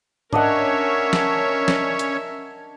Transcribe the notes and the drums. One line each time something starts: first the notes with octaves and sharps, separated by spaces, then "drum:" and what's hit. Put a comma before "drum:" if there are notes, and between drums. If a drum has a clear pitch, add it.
C#4 D4 A#4 C#5 D#5 E5 F#5, drum: tom G#2
drum: snare
drum: snare
drum: hi-hat